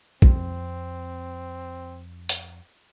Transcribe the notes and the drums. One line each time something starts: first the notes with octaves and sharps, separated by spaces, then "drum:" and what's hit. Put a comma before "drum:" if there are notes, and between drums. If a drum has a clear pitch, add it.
F2 C4, drum: kick
drum: hi-hat